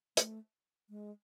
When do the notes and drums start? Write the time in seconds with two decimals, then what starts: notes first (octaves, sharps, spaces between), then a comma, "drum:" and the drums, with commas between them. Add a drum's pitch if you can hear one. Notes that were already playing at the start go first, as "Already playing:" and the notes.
0.17 A3, drum: hi-hat
0.90 G#3